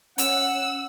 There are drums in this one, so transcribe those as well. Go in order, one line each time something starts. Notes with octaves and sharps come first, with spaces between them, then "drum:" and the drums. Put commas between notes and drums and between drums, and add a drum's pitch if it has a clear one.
C#4 F#5 E6, drum: hi-hat